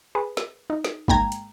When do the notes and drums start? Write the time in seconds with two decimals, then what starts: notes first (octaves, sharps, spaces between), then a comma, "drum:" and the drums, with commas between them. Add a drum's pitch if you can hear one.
0.15 G#4 B4
0.37 drum: snare
0.70 D#4
0.84 drum: snare
1.08 G#2 A#3 G5 A#5 G#6, drum: kick
1.32 drum: hi-hat